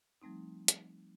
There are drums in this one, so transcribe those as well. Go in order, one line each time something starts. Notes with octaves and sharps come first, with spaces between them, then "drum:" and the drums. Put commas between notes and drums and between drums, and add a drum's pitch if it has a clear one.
F3 G3 A3 C4 D#4
drum: hi-hat